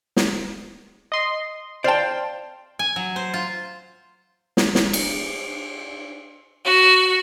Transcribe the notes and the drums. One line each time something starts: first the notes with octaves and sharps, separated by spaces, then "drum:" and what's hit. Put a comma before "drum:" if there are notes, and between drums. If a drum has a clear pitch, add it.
drum: snare
D#5 C6
C5 D5 F5 G5 A5
G#5
F#3
C5
F4
drum: snare
drum: snare
drum: cymbal
F#4